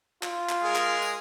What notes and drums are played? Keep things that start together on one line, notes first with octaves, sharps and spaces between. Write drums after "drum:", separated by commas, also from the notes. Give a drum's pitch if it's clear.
F4, drum: clap
drum: clap
G#3 G#4 A#4
drum: clap
drum: tambourine